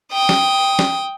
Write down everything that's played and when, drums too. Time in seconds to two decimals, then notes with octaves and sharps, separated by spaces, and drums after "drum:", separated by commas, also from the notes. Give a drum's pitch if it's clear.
0.12 G5 D#6
0.29 drum: snare
0.79 drum: snare